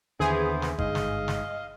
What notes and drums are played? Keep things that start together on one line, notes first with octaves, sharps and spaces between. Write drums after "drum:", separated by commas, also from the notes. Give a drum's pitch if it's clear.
D#2 D3 E3 B3 G#4 C5
drum: snare
G1 G#2 D#5 F5, drum: kick G#1
drum: snare
drum: snare